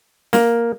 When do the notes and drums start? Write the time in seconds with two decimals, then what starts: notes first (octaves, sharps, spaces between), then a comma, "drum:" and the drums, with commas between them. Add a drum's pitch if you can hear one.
0.33 A#3, drum: snare